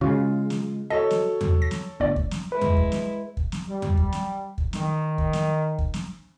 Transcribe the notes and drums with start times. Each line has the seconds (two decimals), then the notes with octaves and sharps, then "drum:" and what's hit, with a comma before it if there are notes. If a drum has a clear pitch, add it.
0.01 C#3 G#3 F4 F#4
0.50 drum: snare
0.90 F#4 A4 C#5 D#5
1.11 drum: snare
1.41 drum: tom E2
1.62 A#6
1.71 drum: snare
2.00 G1 A3 D4 D5
2.16 drum: kick
2.31 drum: snare
2.52 G#3 E4 B4
2.61 drum: tom E2
2.77 drum: kick
2.92 drum: snare
3.37 drum: kick
3.52 drum: snare
3.67 G3
3.82 drum: tom E2
3.97 drum: kick
4.12 drum: snare
4.58 drum: kick
4.73 D#3, drum: snare
5.18 drum: kick
5.33 drum: snare
5.79 drum: kick
5.94 drum: snare